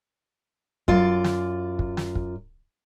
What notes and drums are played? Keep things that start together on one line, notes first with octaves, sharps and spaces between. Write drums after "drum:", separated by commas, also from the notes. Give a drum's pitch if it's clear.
F#2 F4 D5, drum: kick
drum: snare
drum: kick
drum: snare
drum: kick